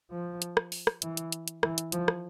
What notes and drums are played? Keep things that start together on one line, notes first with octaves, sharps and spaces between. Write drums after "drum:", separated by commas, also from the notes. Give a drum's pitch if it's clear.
F3
drum: hi-hat
drum: rim click
drum: open hi-hat
drum: rim click
E3, drum: hi-hat
drum: hi-hat
drum: hi-hat
drum: hi-hat
E3, drum: rim click
drum: hi-hat
F3, drum: hi-hat
drum: rim click